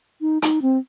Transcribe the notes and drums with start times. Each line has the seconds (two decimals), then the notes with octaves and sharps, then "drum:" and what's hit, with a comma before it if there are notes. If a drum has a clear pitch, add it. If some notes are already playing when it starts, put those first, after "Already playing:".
0.21 D#4
0.42 D#4, drum: hi-hat
0.62 C4